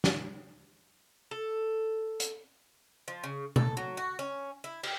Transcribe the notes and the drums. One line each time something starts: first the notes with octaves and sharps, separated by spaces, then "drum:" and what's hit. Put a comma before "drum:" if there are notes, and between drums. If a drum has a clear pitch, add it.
drum: snare
A4
drum: hi-hat
F3
C#3
A4, drum: tom B2
F#3
F#4
C#4
E4
G4, drum: cymbal